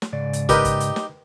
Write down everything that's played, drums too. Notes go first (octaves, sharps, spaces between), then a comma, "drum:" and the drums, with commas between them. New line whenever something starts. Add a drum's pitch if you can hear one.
drum: snare
G#2 C#3 D5
drum: hi-hat
D#4 G4 A#4 B4 G5, drum: kick, hi-hat
drum: kick, hi-hat
drum: hi-hat
drum: snare